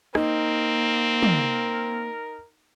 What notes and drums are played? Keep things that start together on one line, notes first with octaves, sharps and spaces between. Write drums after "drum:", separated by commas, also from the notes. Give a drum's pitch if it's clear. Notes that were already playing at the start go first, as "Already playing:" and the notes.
A#3 C4 D#4 A#4, drum: rim click
drum: tom